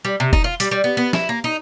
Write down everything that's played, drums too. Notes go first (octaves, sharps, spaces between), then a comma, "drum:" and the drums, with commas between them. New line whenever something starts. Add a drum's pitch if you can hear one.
G3
C3
D#4, drum: kick
F4
G3, drum: hi-hat
G3
B3
B3
E4, drum: snare
A#3
D#4